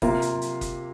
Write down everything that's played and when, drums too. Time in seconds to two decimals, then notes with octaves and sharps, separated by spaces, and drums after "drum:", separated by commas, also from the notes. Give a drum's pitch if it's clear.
0.02 C3 A#3 F4, drum: kick F#1, open hi-hat
0.22 drum: hi-hat
0.41 drum: hi-hat
0.61 drum: kick F#1, hi-hat